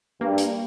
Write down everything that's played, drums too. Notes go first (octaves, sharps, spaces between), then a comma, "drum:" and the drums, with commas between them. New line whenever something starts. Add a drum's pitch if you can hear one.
G2 A#3
drum: hi-hat